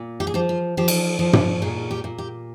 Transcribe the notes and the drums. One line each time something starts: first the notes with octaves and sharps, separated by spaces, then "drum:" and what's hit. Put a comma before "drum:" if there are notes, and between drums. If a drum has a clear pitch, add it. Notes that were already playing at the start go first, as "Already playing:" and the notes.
Already playing: A#2
G4
G#4
F3 G4
F4
F3 G4
drum: cymbal
F3
G4, drum: tom
A#2 G#4
G4
A#2
G4